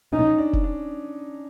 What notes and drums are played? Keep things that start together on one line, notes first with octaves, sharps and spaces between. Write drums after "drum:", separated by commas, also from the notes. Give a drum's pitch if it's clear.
C#4 D#4
D#4
D4
drum: kick
D4